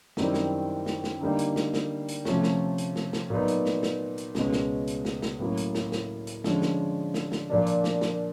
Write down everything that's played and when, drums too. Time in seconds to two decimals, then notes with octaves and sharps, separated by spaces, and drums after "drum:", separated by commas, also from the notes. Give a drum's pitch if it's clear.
0.17 F#2 D#3 G3 C4 E4, drum: snare
0.34 drum: snare
0.86 drum: snare
1.04 drum: snare
1.21 D3 G3 A#3 D#4
1.39 drum: hi-hat
1.56 drum: snare
1.74 drum: snare
2.08 drum: hi-hat
2.25 C3 F3 A3 C#4, drum: snare
2.43 drum: snare
2.78 drum: hi-hat
2.96 drum: snare
3.13 drum: snare
3.30 A#2 F#3 B3 D#4
3.48 drum: hi-hat
3.65 drum: snare
3.83 drum: snare
4.18 drum: hi-hat
4.35 C#2 B2 G#3 C#4, drum: snare
4.53 drum: snare
4.88 drum: hi-hat
5.05 drum: snare
5.22 drum: snare
5.39 A2 F#3 A#3 C#4
5.57 drum: hi-hat
5.75 drum: snare
5.92 drum: snare
6.27 drum: hi-hat
6.44 D3 F3 G#3 C#4, drum: snare
6.62 drum: snare
7.14 drum: snare
7.32 drum: snare
7.50 A#2 F3 A#3 D4
7.67 drum: hi-hat
7.84 drum: snare
8.01 drum: snare